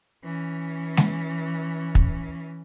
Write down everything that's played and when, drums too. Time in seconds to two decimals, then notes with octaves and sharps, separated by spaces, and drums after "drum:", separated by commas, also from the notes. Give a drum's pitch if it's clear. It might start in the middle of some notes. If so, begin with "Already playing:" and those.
0.24 E3 C#4
0.97 drum: snare G#3
1.95 drum: kick